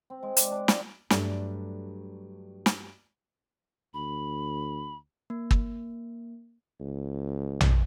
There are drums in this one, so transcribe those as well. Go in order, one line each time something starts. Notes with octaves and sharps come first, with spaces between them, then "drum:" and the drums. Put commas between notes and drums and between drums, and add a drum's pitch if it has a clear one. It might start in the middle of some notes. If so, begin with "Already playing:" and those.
C4
G#3
D5, drum: hi-hat
D4
F4, drum: snare
G2 F#3 G3 A3 D4, drum: snare
drum: snare
D2 B5
A#3
drum: kick
C#2
drum: tom A#1